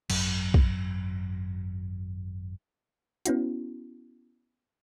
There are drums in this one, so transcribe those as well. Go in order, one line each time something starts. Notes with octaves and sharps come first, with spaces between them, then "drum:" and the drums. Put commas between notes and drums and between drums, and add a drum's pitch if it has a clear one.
G#1 F#2 F#3, drum: cymbal
drum: kick
B3 C#4 E4 F#4, drum: hi-hat